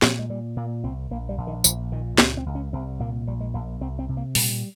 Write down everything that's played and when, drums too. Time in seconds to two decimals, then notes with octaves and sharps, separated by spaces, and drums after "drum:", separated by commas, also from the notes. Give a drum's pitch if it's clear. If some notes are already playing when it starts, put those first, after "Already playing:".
0.02 A#2 F3, drum: snare
0.19 G#3
0.29 A#2 G3
0.57 A#2 A#3
0.84 C2 C4
1.11 A#1 A#3
1.29 G3
1.38 A#1
1.47 D#3
1.64 A#1 F3, drum: tambourine
1.92 A#2 D#3
2.18 C#2 D#3, drum: snare
2.37 C4
2.46 C#2
2.55 C#4
2.73 C2 C4
3.00 A#2 A#3
3.27 A#1 G3
3.40 G#3
3.54 A#1 A#3
3.81 C2 C4
3.99 C4
4.09 C3
4.17 A#3
4.35 A#2 G3, drum: open hi-hat